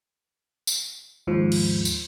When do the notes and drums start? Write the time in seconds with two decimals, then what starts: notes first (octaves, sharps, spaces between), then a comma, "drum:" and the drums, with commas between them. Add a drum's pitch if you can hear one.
0.67 drum: tambourine
1.27 D#2 G#2 F3
1.52 drum: cymbal
1.85 drum: tambourine